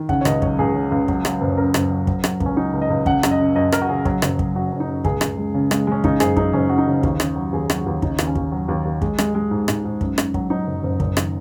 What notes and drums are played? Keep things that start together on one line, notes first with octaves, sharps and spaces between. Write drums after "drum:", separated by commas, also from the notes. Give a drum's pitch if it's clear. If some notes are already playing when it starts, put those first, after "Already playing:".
Already playing: D#3
C#3 F#5, drum: kick
C#5
C#2 D#5, drum: rim click
F#3 C#5, drum: kick
C#2 G#4
C#3
C#2
F#3, drum: kick
F#3, drum: rim click
F#1
C#5
F#2 A#4
F#1, drum: rim click
F#3
F#3, drum: kick
F#3, drum: rim click
C#2, drum: kick
C#4
F#3 D#4
C#2
D#5
C#2
C#3 F#5, drum: kick
F#2, drum: rim click
D#5
C#3
F#2 D#5
F#2 A#4, drum: rim click
F#4
C#3 G#4
F#3, drum: kick
F#1, drum: rim click
F#3, drum: kick
F#2 F#4
F#2
D#4
F#2
C#2 G#4, drum: kick
C#2, drum: rim click
G#3
C#3
G#3, drum: rim click
G#3 C#4
C#3 D#4, drum: kick
F#1 G#4, drum: rim click
F#2 D#4, drum: kick
F#1 C#4
F#2 F#4
D#4
C#3
D#2, drum: kick
C#3, drum: rim click
F#3
D#2 G#4
F#3, drum: rim click
F#4
D#2
C#3 D#4, drum: kick
D#2, drum: rim click
C#4
D#2, drum: kick
F#3
D#2
D#2
G#3, drum: kick
G#3, drum: rim click
G#3
G#2
G#2, drum: rim click
G#2
F#2, drum: kick
F#2, drum: rim click
F#3, drum: kick
F#3 D#4
F#1
F#1
F#1, drum: kick
D#3, drum: rim click